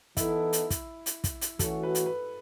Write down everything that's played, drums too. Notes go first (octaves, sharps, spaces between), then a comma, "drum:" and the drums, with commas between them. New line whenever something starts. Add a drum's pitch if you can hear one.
E3 B3 D#4 E4 A4, drum: kick, hi-hat
drum: hi-hat
drum: kick, hi-hat
drum: hi-hat
drum: kick, hi-hat
drum: hi-hat
E3 A3 C#4 F#4 A4, drum: kick, hi-hat
B4
drum: hi-hat
B4